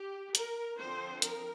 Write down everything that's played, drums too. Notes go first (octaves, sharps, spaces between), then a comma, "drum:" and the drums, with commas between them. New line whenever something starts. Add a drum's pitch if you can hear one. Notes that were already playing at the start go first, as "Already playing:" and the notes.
Already playing: G4
A#4, drum: hi-hat
D3 F3 C4 C5
A#4, drum: hi-hat